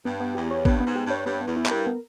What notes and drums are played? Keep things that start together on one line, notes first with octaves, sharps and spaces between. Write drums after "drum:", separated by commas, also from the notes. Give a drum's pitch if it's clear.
G2 B3
B3
E2 G4
C#5
G2 B3, drum: kick
B3
G#2
G4
G2 C#5
G2 B3
B3
E2
E4
G2, drum: clap
A#4
B3